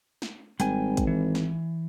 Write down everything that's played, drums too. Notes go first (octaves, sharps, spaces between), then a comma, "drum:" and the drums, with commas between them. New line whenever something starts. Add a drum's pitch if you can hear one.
drum: snare
G#1 G3 G5 G#5, drum: hi-hat
drum: kick, hi-hat
E3
drum: snare